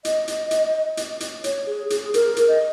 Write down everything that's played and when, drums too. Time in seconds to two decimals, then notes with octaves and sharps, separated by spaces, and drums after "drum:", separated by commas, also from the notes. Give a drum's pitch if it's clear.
0.05 D#5, drum: hi-hat
0.28 drum: hi-hat
0.51 drum: hi-hat
0.97 drum: hi-hat
1.20 drum: hi-hat
1.44 C#5, drum: hi-hat
1.66 G#4
1.90 G#4, drum: hi-hat
2.14 A#4, drum: hi-hat
2.36 drum: hi-hat
2.48 D#5